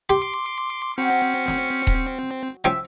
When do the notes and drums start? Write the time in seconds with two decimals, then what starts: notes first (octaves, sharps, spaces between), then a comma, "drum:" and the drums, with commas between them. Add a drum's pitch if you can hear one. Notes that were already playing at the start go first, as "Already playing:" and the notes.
0.10 G4 C6 D6
0.98 F#3 C4 C#4 G5
1.48 drum: snare
1.87 drum: kick D#1
2.64 F3 C#4 E5 G5